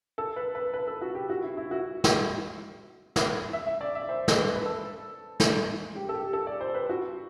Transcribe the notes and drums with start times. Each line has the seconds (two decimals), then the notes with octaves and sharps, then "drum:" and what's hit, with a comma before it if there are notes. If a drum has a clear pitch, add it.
0.18 A4
0.36 B4
0.55 B4
0.73 B4
0.87 A4
1.01 F#4
1.15 G4
1.29 F#4
1.43 E4
1.57 E4
1.71 F#4
2.04 drum: snare
3.16 drum: snare
3.53 E5
3.67 E5
3.81 D5
3.95 E5
4.09 C5
4.28 drum: snare
4.37 B4
4.55 B4
4.65 A4
5.40 drum: snare
5.95 G4
6.09 A4
6.14 G4
6.33 A4
6.47 D5
6.61 C5
6.75 B4
6.89 F#4